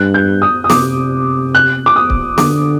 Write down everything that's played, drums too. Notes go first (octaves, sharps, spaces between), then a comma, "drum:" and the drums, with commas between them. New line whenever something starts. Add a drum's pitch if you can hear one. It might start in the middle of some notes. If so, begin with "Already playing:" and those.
Already playing: G2 F#6
G6
D#6
D#6
C3 D6, drum: snare
F#6
D6
D#6
drum: kick C#1
D3 D6, drum: snare